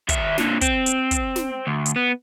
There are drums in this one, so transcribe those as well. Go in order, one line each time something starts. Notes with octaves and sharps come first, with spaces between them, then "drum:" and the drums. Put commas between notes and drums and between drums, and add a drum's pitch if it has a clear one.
D#2 E5, drum: kick, hi-hat
A#2 D3, drum: snare
C4, drum: kick, hi-hat
drum: hi-hat
drum: kick, hi-hat
drum: snare
D2
drum: hi-hat
B3